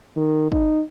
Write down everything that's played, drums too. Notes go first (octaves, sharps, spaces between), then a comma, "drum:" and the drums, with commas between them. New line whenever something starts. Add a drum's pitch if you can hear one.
D#3
D#4, drum: kick